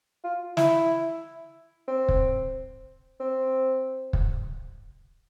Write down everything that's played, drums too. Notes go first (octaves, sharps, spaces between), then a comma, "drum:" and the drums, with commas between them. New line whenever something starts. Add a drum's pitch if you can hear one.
F4
E4, drum: snare
C4
drum: kick
C4
drum: kick